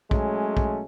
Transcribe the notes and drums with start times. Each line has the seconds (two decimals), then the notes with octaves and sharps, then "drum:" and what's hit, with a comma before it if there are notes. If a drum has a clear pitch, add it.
0.11 F#3 G#3 A3 C#4, drum: kick
0.57 drum: kick